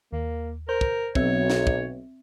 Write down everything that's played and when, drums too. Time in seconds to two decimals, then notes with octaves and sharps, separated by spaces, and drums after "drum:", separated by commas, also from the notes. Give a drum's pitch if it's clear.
0.13 D#2 A#3
0.69 A#4 C5 G6
0.81 drum: kick
1.15 B1 C4 C#5 E5, drum: kick
1.50 drum: snare
1.67 drum: kick